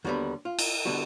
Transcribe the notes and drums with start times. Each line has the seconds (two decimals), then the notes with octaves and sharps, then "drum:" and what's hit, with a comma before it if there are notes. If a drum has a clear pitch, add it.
0.04 D#2 D3 G3 B3 F#4
0.45 F4
0.59 drum: cymbal
0.85 D3 G3 B3 F#4